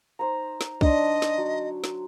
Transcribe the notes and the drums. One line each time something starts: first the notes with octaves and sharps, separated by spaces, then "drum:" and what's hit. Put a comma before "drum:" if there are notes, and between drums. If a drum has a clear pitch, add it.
D#4 C5 A#5
drum: snare
D4 D#4 D#5 C6, drum: kick B1
drum: snare
F#3
drum: snare